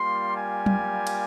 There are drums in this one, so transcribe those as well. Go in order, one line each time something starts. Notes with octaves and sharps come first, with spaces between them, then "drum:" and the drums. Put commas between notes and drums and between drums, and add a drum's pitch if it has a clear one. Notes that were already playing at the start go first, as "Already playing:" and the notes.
Already playing: G3 A#3 F4 C6
G#5
drum: tom F#3
drum: cymbal